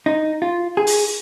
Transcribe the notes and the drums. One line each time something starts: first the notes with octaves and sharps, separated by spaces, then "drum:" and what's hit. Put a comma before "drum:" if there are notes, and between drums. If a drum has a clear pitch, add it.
D#4
F4
G#4
drum: open hi-hat